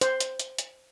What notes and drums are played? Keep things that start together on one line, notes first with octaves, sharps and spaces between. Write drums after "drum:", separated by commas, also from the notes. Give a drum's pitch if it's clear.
C5, drum: hi-hat
drum: hi-hat
drum: hi-hat
drum: hi-hat